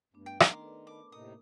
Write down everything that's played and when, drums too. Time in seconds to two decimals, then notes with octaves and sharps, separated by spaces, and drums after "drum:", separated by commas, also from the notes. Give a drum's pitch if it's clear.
0.14 G2 A3 B3 D4
0.26 G5
0.40 D#3 A#5 C6 D6, drum: rim click
0.61 A4 B4 D5
0.87 A#4 A5 B5 D6
1.12 A2 C3 A#3 D#4 A#4 D#6